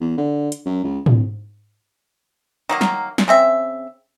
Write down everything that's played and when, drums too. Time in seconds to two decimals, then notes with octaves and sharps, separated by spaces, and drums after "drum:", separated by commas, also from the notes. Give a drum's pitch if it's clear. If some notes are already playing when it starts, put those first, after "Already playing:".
0.01 E2
0.17 D3
0.52 drum: hi-hat
0.66 F#2
0.84 C#2
1.06 D1, drum: tom
2.69 D#3 F#3 A#3
2.81 drum: snare
3.18 drum: snare
3.28 C#3 C4 E5